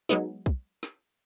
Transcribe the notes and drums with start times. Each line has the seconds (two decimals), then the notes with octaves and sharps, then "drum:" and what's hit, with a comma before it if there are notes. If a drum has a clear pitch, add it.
0.09 F#3 G#3 B3 D#4
0.46 drum: kick
0.83 drum: snare